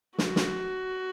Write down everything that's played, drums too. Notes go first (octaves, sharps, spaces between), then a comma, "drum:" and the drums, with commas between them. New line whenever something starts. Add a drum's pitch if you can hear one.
F#4, drum: snare
drum: snare